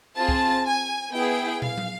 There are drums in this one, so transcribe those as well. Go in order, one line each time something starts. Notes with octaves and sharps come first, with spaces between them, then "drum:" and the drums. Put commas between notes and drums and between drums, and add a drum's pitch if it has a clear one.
C4 F4 G#4 A5
drum: kick C2
G#5
B3 E4 G#4 G5
F5, drum: tom
drum: tom